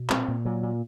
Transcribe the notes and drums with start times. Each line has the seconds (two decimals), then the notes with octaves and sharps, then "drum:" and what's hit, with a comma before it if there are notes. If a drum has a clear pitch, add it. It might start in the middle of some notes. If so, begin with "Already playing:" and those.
Already playing: B2
0.10 A#2 C4, drum: clap
0.28 A#2
0.45 A#2 F#3
0.63 A#2